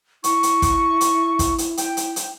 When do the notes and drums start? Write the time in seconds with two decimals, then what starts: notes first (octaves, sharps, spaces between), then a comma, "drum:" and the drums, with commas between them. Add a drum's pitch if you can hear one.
0.24 E4 C#6, drum: hi-hat
0.43 drum: hi-hat
0.62 drum: kick, hi-hat
1.01 drum: hi-hat
1.39 drum: kick, hi-hat
1.58 drum: hi-hat
1.77 G5, drum: hi-hat
1.97 drum: hi-hat
2.16 drum: hi-hat